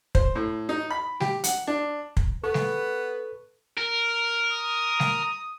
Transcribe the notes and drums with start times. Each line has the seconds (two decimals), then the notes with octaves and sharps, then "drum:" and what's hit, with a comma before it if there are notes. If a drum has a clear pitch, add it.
0.15 C5, drum: kick
0.35 A2
0.69 D#4
0.91 B5
1.20 G4, drum: snare
1.44 F#5, drum: hi-hat
1.67 D4
2.17 drum: kick
2.44 B3 A4 B4 C#6
2.54 drum: snare
3.78 A#4
4.52 D#6
4.99 drum: snare